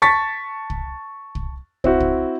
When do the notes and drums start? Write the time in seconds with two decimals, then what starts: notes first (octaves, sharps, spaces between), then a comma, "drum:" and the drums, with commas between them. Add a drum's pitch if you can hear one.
0.02 A5 C#6 A6 B6
0.70 drum: kick
1.35 drum: kick
1.84 C4 E4 F#4, drum: kick
2.00 drum: kick